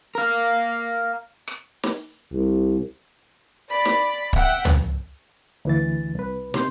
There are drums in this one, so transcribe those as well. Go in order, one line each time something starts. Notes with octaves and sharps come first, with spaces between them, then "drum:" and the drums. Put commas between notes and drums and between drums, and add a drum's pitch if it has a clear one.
A#4 F5
drum: rim click
drum: snare
C2
D5 B5
drum: snare
E5 F#5 G5, drum: kick
drum: tom
D2 E3 A6
C2 B4
C3 C6 G6, drum: snare